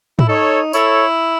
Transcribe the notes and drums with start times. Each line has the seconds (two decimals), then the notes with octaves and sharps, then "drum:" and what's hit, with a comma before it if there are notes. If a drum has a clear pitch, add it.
0.19 E4, drum: tom
0.28 D#4 A4 C#5
0.73 E4 A4 C#5, drum: tambourine